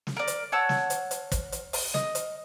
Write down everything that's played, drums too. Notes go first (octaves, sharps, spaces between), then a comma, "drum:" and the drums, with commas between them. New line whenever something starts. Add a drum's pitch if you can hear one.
drum: snare
A#4 D5
drum: hi-hat
C#5 F#5 A5 E6
drum: snare
drum: hi-hat
drum: hi-hat
drum: kick, hi-hat
drum: hi-hat
drum: open hi-hat
D#5, drum: snare
drum: hi-hat